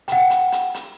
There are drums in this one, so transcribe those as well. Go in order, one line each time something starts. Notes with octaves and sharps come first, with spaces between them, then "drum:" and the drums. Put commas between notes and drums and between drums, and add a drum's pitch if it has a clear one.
F#5 G5, drum: hi-hat
drum: hi-hat
drum: hi-hat
drum: hi-hat